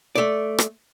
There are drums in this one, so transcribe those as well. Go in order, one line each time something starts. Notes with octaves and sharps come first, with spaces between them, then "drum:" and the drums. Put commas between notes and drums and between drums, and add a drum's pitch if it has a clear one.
A3 D5
drum: rim click